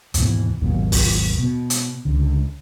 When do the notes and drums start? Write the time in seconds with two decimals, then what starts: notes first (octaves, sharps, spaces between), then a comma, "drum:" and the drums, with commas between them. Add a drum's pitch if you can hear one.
0.14 D#2 G#2 B2 E3, drum: hi-hat
0.61 G#1 D#2 B2 F#3
0.92 drum: kick, open hi-hat
1.39 B2
1.70 drum: hi-hat
2.05 C#2 D3